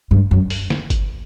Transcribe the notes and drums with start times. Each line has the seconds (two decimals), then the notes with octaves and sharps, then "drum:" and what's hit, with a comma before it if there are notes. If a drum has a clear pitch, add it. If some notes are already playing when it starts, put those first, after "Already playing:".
0.11 G2
0.31 F#2
0.50 drum: open hi-hat
0.70 drum: snare
0.90 drum: kick G1, hi-hat